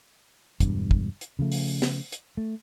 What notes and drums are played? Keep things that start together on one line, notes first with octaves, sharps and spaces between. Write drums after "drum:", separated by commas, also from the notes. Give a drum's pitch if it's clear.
E1 G2, drum: kick, hi-hat
drum: kick
drum: hi-hat
C#3 F3 A3
drum: open hi-hat
drum: snare
drum: hi-hat
A3